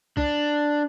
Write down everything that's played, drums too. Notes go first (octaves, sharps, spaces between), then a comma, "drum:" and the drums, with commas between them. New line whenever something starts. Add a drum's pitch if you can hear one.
D4, drum: kick